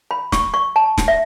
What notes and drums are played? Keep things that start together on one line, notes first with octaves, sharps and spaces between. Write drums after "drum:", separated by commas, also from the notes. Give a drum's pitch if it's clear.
B5
C#6, drum: snare
C#6
A5
drum: snare
E5